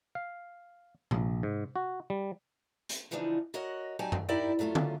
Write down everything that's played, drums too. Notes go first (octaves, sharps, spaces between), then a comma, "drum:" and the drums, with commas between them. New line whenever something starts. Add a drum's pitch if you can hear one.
F5
A#1, drum: tom C3
G#2
F#4
G3
drum: hi-hat
C#3 E3 F3 D4 D#4
F#4 A#4 C#5 D#5 F#5
F#3 G3 D#4 G4 G#5 A5
drum: tom F#2
D#4 E4 G4 A#4 D5
A#2 F#3 A3 C#4 F4
drum: tom D3